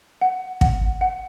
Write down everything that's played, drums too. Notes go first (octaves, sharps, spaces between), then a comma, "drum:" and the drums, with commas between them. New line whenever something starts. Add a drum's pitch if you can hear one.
F#5
F#5, drum: kick
F#5